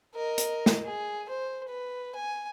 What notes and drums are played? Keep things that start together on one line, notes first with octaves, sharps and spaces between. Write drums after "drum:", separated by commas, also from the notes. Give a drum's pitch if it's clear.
A#4 D#5
drum: hi-hat
drum: snare
G#4
C5
B4
G#5